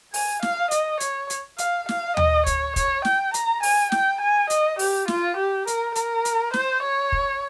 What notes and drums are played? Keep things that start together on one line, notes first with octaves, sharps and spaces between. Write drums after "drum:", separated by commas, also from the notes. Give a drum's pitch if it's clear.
G#5, drum: open hi-hat
F5, drum: snare
D#5, drum: hi-hat
C#5, drum: hi-hat
drum: hi-hat
F5, drum: hi-hat
F5, drum: snare
D#5, drum: tom
C#5, drum: kick, hi-hat
C#5, drum: kick, hi-hat
G5, drum: snare
A#5, drum: hi-hat
G#5, drum: open hi-hat
G5, drum: snare
G#5
D#5, drum: hi-hat
G4, drum: open hi-hat
F4, drum: snare
G4
A#4, drum: hi-hat
A#4, drum: hi-hat
drum: hi-hat
C5, drum: snare
C#5
drum: kick